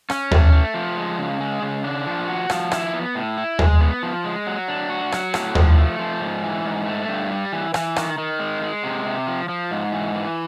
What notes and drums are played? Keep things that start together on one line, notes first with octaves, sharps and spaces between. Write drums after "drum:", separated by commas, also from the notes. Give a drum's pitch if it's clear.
C#4, drum: rim click
A3, drum: tom D#2
A3
F3
G#3
C#3
G#3
C#3
D4
F3
F#4
F3, drum: rim click
E4, drum: rim click
B3
A2
E4
G#3, drum: tom D#2
B3
F3
G#3
F#3
D4
F#4
F#3, drum: rim click
A2, drum: rim click
F3, drum: tom D#2
A3
F3
G#2
E3
G#2
A3
G2
G3
E3
E3, drum: rim click
D#3, drum: rim click
D#3
G#3
G#3
C3
C3
F3
F3
G#2
E3
E3